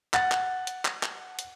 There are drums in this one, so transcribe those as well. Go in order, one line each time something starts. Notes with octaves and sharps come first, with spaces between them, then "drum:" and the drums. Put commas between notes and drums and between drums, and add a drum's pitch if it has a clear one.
F#5 A6, drum: clap
drum: clap
drum: hi-hat
drum: clap
drum: clap
drum: hi-hat